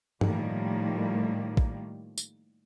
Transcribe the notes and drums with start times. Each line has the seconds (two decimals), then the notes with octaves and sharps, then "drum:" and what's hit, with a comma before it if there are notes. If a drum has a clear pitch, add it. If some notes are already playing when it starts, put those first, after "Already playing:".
0.21 A2 D#3 F3 G3 A#3, drum: tom
1.57 drum: kick
2.18 drum: tambourine